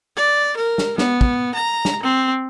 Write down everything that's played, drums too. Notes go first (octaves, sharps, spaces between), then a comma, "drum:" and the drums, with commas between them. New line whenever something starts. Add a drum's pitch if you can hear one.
D5
A#4
drum: snare
B3, drum: snare
drum: kick
A#5
drum: snare
C4